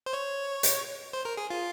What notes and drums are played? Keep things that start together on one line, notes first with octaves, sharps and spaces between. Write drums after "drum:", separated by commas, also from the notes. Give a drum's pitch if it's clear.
C5
C#5
drum: hi-hat
C5
A#4
G#4
F4